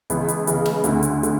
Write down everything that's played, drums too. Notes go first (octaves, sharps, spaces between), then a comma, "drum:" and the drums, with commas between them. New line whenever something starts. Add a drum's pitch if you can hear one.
C#2 C#3 E3 B3, drum: hi-hat
drum: hi-hat
C#2 C#3 E3 B3, drum: hi-hat
drum: snare
D2 D3 A3, drum: hi-hat
drum: hi-hat
D3, drum: hi-hat